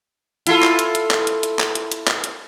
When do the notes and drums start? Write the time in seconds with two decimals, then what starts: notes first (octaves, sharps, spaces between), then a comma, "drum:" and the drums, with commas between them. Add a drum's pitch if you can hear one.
0.47 E4 F4 A4, drum: hi-hat
0.63 drum: clap
0.79 drum: hi-hat
0.95 drum: hi-hat
1.11 drum: clap
1.27 drum: hi-hat
1.43 drum: hi-hat
1.59 drum: clap
1.75 drum: hi-hat
1.92 drum: hi-hat
2.08 drum: clap
2.24 drum: hi-hat